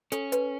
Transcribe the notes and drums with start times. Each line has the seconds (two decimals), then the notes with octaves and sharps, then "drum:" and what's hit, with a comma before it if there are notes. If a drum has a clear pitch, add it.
0.12 C#4 A4, drum: hi-hat
0.32 B4, drum: hi-hat